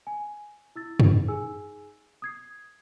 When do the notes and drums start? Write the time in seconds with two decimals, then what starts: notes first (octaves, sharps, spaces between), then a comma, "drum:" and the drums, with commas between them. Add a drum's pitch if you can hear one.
0.07 G#5
0.76 E4 E6 A6
1.00 drum: tom F#2
1.28 D#4 G#4 G#5 E6
2.22 D#6 G#6 C7